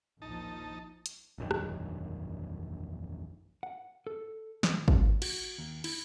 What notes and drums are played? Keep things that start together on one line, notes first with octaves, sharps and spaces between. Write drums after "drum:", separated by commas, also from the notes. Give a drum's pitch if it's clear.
A#1 D#2 F3 D#4 A5
drum: hi-hat
E1 A#1 F#2 D#3
drum: rim click
F#5
A4
D#3, drum: snare
drum: kick
F#4, drum: cymbal
D#2
E4, drum: cymbal